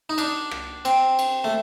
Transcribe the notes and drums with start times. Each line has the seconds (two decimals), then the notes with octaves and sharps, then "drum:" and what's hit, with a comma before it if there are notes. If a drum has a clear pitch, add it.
0.09 D#4
0.18 D4, drum: cymbal
0.51 drum: rim click
0.85 C4, drum: cymbal
1.19 drum: cymbal
1.44 A3